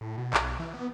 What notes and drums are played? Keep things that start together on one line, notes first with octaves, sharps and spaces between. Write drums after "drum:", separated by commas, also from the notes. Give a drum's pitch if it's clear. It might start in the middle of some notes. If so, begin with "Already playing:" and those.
A2
B2
B1, drum: clap
E3
B3